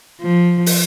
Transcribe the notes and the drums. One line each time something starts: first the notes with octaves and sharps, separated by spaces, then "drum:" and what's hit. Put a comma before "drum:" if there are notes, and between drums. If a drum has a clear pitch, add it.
F3
drum: open hi-hat